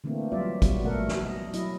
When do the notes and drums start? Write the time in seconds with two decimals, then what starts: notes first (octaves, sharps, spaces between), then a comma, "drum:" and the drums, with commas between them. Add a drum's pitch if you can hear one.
0.04 D3 E3 A3 A#3 C4
0.32 F#3 G3 F4 D5 E5
0.62 G3 B3 F#4, drum: kick, hi-hat
0.85 B2 A3 A4 A#4 F#5
1.08 drum: snare
1.24 D#5
1.53 F#3 E4 D#5, drum: hi-hat